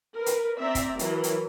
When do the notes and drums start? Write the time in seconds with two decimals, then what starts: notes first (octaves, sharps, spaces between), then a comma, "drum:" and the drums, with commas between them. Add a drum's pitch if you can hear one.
0.16 A#4 B4
0.26 drum: hi-hat
0.58 C4 D5 E5 A#5
0.75 drum: kick, hi-hat
0.99 E3 F#3 A#4, drum: hi-hat
1.23 drum: hi-hat